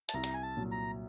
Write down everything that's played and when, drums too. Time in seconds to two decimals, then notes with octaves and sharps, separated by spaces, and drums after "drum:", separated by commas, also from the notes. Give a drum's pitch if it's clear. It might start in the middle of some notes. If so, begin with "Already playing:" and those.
0.09 A5, drum: hi-hat
0.14 C2 A#5
0.24 drum: hi-hat
0.34 G#5
0.43 A5
0.57 A#2 F#3
0.71 A#5